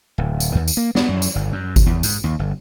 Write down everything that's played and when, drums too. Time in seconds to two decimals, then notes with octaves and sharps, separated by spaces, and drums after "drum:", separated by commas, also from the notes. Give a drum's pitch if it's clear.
0.18 D1
0.40 drum: tambourine
0.55 D#2
0.68 drum: tambourine
0.77 A#3
0.95 B3, drum: snare
1.09 F#2
1.22 drum: tambourine
1.35 G1
1.52 F#2
1.76 drum: kick G1, tambourine
1.86 E2
2.03 G#2, drum: tambourine
2.24 D#2
2.39 G1